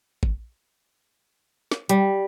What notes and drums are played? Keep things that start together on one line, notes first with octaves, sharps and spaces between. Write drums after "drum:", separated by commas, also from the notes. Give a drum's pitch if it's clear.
drum: kick
drum: snare
G3, drum: hi-hat